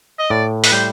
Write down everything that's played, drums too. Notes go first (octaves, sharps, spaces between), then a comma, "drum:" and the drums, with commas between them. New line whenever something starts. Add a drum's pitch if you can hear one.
D#5
A2 D5
B4, drum: open hi-hat
G3 C5